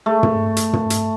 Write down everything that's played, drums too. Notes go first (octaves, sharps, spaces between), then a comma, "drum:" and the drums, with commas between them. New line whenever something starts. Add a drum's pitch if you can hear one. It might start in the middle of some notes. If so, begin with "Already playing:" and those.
A3
drum: tom
drum: hi-hat
drum: tom
drum: hi-hat